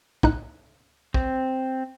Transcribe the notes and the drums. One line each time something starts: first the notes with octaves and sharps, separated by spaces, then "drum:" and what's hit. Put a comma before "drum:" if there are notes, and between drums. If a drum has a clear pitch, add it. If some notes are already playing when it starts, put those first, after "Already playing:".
A2 D#4 F#6, drum: kick
C4, drum: kick